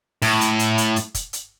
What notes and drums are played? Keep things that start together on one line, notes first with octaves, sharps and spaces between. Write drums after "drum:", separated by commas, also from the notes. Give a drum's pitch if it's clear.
A2, drum: open hi-hat
drum: hi-hat
drum: hi-hat
drum: hi-hat
drum: hi-hat
drum: kick, hi-hat
drum: hi-hat